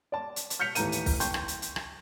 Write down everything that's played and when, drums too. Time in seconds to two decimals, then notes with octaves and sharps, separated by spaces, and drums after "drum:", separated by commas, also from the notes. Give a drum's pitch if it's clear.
0.12 D5 A5
0.36 drum: hi-hat
0.50 drum: hi-hat
0.59 F6 G6 B6 C#7 F7
0.75 D#2 A2 E3 A#5 G6 D#7, drum: hi-hat
0.92 drum: hi-hat
1.06 drum: kick, open hi-hat
1.20 G5 A5 C6 C#6 G6, drum: hi-hat
1.34 drum: rim click
1.48 drum: hi-hat
1.62 drum: hi-hat
1.76 drum: rim click